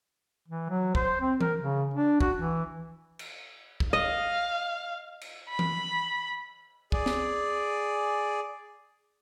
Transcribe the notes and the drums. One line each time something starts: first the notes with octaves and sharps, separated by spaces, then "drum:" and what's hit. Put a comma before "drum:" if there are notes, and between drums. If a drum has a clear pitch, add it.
E3
F#3
C5, drum: kick
C4
A#4, drum: tom E3
C#3
D4
F#4, drum: kick
E3
drum: cymbal
drum: kick
D#5 F5
drum: cymbal
B5
drum: tom E3
G#4 D5, drum: kick
drum: snare